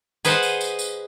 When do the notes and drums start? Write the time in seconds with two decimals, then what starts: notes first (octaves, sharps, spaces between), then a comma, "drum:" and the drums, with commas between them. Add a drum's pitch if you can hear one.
0.25 G#4 B4 C5 D#5 F#5, drum: tambourine
0.43 drum: tambourine
0.61 drum: tambourine
0.79 drum: tambourine